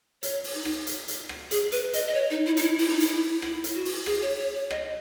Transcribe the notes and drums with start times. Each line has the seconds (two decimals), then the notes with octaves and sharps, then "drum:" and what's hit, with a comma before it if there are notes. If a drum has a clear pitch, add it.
0.23 C#5, drum: hi-hat
0.44 drum: open hi-hat
0.54 D#4
0.65 drum: rim click
0.87 drum: hi-hat
1.08 drum: hi-hat
1.29 drum: rim click
1.51 G#4, drum: hi-hat
1.72 B4, drum: hi-hat
1.93 D#5, drum: hi-hat
2.07 D#5
2.14 C#5
2.30 D#4
2.46 E4
2.57 D#4, drum: hi-hat
2.62 E4
2.79 E4, drum: open hi-hat
2.89 D#4
3.00 E4, drum: hi-hat
3.42 E4, drum: rim click
3.64 drum: hi-hat
3.75 F#4
3.85 drum: open hi-hat
4.06 G#4, drum: rim click
4.22 C#5
4.38 C#5
4.54 C#5
4.71 D#5, drum: rim click